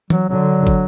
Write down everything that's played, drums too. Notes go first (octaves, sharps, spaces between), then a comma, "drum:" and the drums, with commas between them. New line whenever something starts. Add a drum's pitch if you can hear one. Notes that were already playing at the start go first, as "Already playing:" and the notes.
F#3, drum: tom
D3 F#3
drum: kick